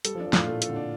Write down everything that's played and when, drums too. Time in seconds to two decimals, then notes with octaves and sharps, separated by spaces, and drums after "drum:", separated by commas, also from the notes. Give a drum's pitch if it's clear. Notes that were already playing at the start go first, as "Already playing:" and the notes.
0.05 G3 A4, drum: hi-hat
0.15 F3
0.19 D4
0.26 F3
0.33 A2 F4, drum: snare
0.47 A#2 A3
0.62 A4, drum: hi-hat
0.69 D3
0.76 D4